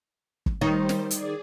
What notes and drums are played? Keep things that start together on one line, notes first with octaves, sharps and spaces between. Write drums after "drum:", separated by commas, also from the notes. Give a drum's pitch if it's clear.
drum: kick
D#3 G3 D#4 C5 C#5
drum: snare
G#4 D5, drum: hi-hat